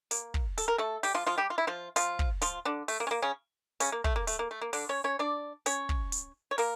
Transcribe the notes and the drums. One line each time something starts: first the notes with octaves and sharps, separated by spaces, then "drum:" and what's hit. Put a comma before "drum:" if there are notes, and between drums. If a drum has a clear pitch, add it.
A#3, drum: hi-hat
drum: kick
A4, drum: hi-hat
A#4
A3 A4
G3 G4, drum: open hi-hat
F3 F4
F3 F4
G3 G4
F4
E4
F3 F4
F3 F4, drum: hi-hat
drum: kick
F3 F4, drum: hi-hat
D3 D4
A3, drum: open hi-hat
A#3
C#4
A#3
C#3 C#4
C#3 C#4, drum: hi-hat
A#3
A3, drum: kick
A#3
A3, drum: hi-hat
A#3
A3
A#3
D3 D4, drum: open hi-hat
C#4 C#5
C#4 C#5
D4 D5
C#4 C#5, drum: hi-hat
drum: kick
drum: hi-hat
C#5
A#3 A#4, drum: open hi-hat